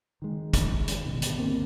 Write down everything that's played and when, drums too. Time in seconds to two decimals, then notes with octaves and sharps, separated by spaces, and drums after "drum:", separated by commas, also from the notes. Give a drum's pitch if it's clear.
0.22 D#3 G#3
0.53 drum: kick, hi-hat
0.88 drum: hi-hat
1.05 G1 B2 D#3
1.22 drum: hi-hat
1.39 G#1 D2 A#3 C4